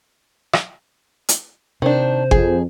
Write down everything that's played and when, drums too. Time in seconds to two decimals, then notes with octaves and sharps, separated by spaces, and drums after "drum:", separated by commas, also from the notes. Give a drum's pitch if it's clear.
0.53 drum: rim click
1.29 drum: hi-hat
1.82 C3 D#3 D4 C5
2.31 F2 G#4, drum: kick G1